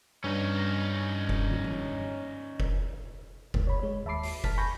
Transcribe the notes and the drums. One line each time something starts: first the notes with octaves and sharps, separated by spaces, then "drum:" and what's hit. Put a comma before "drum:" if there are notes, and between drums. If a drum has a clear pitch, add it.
G2 C#4 D#4
drum: kick F1
drum: tom
drum: tom G2
drum: kick F1
G1 D2 G#2, drum: kick F1
C#5 B5
G#3 C#5
D#2 E5 A5 B5 D6 C7
drum: open hi-hat
A5 F6 B6, drum: kick F1
G#5 B5 C#6 G6 A#6